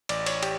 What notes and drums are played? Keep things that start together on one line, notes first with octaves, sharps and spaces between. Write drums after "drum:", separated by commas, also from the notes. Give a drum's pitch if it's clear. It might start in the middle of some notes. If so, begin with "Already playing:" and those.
A1 D5, drum: cymbal
C#5, drum: cymbal
G4, drum: cymbal